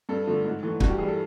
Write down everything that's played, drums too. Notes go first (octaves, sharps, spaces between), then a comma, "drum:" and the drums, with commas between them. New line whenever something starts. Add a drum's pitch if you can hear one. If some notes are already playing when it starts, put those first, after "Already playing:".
G2 A4
D3 F3 A3
G#2
E3 A3
G2 F#4, drum: kick
G4
E3 G3 G#4
A4